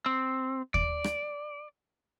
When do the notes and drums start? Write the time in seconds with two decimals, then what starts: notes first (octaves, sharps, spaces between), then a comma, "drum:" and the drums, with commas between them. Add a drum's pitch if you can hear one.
0.06 C4
0.74 D5, drum: kick D#2
1.04 drum: rim click